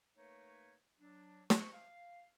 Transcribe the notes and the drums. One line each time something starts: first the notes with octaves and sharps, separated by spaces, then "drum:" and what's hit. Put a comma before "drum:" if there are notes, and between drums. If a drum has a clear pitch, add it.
A3 A#3 D#4 A#4 B4 C#5
F#3 D4
C#6, drum: snare
F5